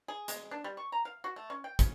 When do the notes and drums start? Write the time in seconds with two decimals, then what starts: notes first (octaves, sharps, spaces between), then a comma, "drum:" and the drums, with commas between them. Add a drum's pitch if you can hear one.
0.08 G#4
0.28 G#3, drum: hi-hat
0.51 D4
0.64 G3
0.77 C#6
0.92 A#5
1.05 F5
1.24 F#4
1.36 A3
1.50 C#4
1.64 G5
1.79 C#4, drum: kick, hi-hat